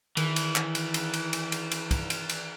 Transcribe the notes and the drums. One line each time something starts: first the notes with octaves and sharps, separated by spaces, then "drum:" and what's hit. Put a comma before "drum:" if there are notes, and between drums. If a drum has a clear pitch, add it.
D#3 E3, drum: cymbal
drum: cymbal
drum: clap
drum: cymbal
drum: cymbal
drum: cymbal
drum: cymbal
drum: cymbal
drum: cymbal
drum: kick, cymbal
drum: cymbal
drum: cymbal